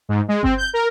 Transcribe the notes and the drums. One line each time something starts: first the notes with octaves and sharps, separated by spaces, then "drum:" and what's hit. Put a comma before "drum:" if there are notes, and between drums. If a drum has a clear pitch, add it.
G#2
G#3
C4, drum: kick G1
G6
A#4